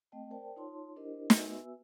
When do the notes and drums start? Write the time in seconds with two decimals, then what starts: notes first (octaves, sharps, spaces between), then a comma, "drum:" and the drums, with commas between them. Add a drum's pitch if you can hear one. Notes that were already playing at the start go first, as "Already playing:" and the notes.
0.12 A3 C4 D#5 G5 A5
0.31 A#4 C5 D5 G5 A5
0.56 D#4 F4 C#5 A5 C6
0.96 D4 E4 G4 A#4 C5 D#5
1.30 B3 F#4 B4 E5 G#5 E6, drum: snare